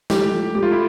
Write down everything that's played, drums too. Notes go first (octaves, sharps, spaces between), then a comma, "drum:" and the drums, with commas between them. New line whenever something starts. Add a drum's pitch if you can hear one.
A3 G4, drum: snare
F3
A3 G4
F4
E4